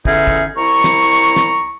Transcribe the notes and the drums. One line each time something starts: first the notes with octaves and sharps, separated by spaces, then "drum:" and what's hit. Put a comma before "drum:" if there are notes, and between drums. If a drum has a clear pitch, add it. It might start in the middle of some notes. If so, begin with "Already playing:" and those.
E2 D3 C#4 D#4 G#4 E5, drum: kick
drum: kick
C2 E4 A#5 C#6
drum: snare
drum: snare